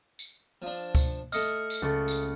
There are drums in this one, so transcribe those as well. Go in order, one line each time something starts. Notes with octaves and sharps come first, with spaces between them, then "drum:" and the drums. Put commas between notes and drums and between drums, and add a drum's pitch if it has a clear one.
drum: tambourine
F3 D4
drum: kick C#2, tambourine
A3 D#5 F6 C#7, drum: tambourine
drum: tambourine
C#2 A4 C#6
drum: tambourine